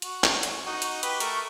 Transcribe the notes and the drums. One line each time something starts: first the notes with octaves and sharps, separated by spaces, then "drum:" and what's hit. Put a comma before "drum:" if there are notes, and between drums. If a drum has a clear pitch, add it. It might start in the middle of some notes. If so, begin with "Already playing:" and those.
F#4, drum: hi-hat
drum: clap
drum: hi-hat
D#4 F#4
drum: hi-hat
G4 B4, drum: hi-hat
A3 A#4 C#6, drum: hi-hat